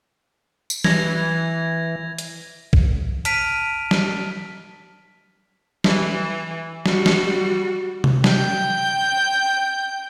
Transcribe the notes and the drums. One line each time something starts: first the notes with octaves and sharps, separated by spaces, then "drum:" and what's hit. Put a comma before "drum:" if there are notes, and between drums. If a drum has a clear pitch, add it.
drum: tambourine
E3 G#6 A#6 F7, drum: snare
drum: hi-hat
drum: kick
A5 F6 B6 D7 D#7 F7, drum: hi-hat
drum: snare
E3, drum: snare
G3 F#4, drum: snare
drum: snare
drum: tom C3
G5 G6, drum: snare